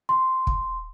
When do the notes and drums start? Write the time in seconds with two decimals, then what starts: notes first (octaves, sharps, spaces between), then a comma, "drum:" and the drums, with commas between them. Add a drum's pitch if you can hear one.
0.09 C6
0.47 drum: kick